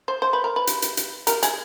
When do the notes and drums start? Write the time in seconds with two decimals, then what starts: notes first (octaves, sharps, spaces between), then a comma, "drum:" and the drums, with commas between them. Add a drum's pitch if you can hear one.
0.08 C5
0.22 C5
0.33 B4
0.44 A#4
0.56 B4
0.67 drum: hi-hat
0.82 drum: hi-hat
0.97 drum: hi-hat
1.27 A#4, drum: hi-hat
1.43 G#4, drum: hi-hat